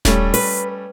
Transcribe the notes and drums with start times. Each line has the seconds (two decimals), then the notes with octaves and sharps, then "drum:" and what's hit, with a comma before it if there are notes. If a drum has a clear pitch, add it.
0.05 G3 A3 C#4, drum: snare D#1
0.34 B4, drum: open hi-hat